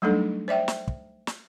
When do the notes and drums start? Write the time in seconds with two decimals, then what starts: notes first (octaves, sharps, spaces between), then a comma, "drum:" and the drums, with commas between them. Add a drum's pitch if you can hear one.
0.02 F#3 G3 A3 D4 D#4 A4
0.48 C5 D5 E5 G5
0.68 drum: snare
0.88 drum: kick
1.27 drum: snare